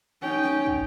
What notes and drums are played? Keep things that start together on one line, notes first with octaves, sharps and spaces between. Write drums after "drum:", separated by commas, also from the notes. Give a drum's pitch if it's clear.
C#4 D#4 G5
drum: snare
drum: kick